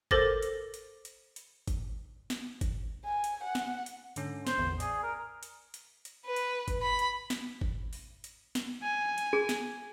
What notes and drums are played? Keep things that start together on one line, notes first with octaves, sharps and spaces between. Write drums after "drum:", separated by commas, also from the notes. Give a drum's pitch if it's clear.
A4 A#4 C5 D6 A6 A#6, drum: kick G1
drum: hi-hat
drum: hi-hat
drum: hi-hat
drum: hi-hat
drum: kick G1, hi-hat
drum: snare
drum: kick G1, hi-hat
G#5
drum: hi-hat
F#5
drum: snare
drum: hi-hat
G#2 D3 C#4, drum: hi-hat
C5, drum: snare
A1 E2
G#4 D5 G#5, drum: hi-hat
A#4
drum: hi-hat
drum: hi-hat
drum: hi-hat
B4
drum: hi-hat
drum: kick G1, hi-hat
B5
drum: hi-hat
drum: snare
drum: kick G1
drum: open hi-hat
drum: hi-hat
drum: snare
G#5
drum: hi-hat
G#4
drum: snare